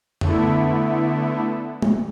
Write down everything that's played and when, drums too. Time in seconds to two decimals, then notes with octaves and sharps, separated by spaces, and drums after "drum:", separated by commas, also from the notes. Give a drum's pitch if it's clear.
0.21 D3 A3 B3 E4, drum: tom F2
1.82 drum: tom